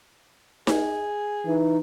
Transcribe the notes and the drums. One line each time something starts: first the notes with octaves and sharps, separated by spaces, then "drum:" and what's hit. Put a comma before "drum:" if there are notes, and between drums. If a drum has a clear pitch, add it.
G#4, drum: snare D#4
E3 D#4